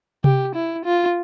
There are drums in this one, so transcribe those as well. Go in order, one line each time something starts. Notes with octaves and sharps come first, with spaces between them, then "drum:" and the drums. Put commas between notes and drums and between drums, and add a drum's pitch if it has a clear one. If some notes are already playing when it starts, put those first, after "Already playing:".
G4, drum: tom C3
E4
F4